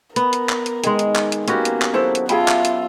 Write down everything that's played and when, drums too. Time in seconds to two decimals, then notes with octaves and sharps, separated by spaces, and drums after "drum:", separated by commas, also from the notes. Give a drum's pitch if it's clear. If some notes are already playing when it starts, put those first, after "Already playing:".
0.16 B3 A#4, drum: hi-hat
0.33 drum: hi-hat
0.49 drum: clap
0.66 drum: hi-hat
0.84 D#3 G#3 G#4, drum: hi-hat
0.99 drum: hi-hat
1.16 drum: clap
1.32 drum: hi-hat
1.48 A#3 B3 C#4 F#4 G4, drum: hi-hat
1.65 drum: hi-hat
1.82 drum: clap
1.94 F#3 E4 A4 C5
2.15 drum: hi-hat
2.29 F4 G#4 E5 G5 A5 B5, drum: hi-hat
2.48 drum: clap
2.65 drum: hi-hat